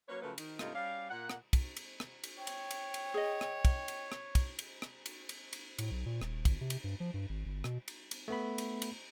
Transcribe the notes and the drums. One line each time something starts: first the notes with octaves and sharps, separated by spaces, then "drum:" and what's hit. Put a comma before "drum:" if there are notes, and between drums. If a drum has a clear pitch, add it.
F#3 A#3 C#4 B4 C#5
C#3 F3 F#3 A3 A#4 B4
D#3, drum: cymbal
G2 C3 G#3 A3 D#4 F4, drum: rim click
G3 C#4 D5 F5
A#2 F#5
drum: rim click
drum: kick, cymbal
drum: cymbal
drum: rim click
drum: cymbal
C#5 G5
drum: cymbal
drum: cymbal
drum: cymbal
G#4 D#5
drum: rim click
drum: kick, cymbal
drum: cymbal
drum: rim click
drum: kick, cymbal
drum: cymbal
drum: rim click
drum: cymbal
drum: cymbal
drum: cymbal
A2, drum: cymbal
B1
A#2
D#1, drum: rim click
G1, drum: kick, cymbal
C3
drum: cymbal
G2
F3
G2
G#1
G1
B2, drum: rim click
drum: cymbal
drum: cymbal
A3 B3 B5
drum: cymbal
drum: cymbal